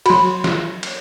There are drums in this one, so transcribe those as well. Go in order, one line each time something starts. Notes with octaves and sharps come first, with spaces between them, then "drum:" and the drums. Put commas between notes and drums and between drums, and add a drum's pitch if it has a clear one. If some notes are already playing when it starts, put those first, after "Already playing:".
F#3 F#4 B5 C6, drum: cymbal
drum: snare
drum: cymbal